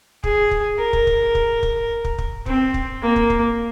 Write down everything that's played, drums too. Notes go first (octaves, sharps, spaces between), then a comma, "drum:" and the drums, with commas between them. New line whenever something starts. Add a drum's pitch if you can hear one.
G#4, drum: kick
drum: kick
A#4
drum: kick
drum: kick
drum: kick
drum: kick
drum: kick
drum: kick
C4, drum: kick
drum: kick
A#3
drum: kick
drum: kick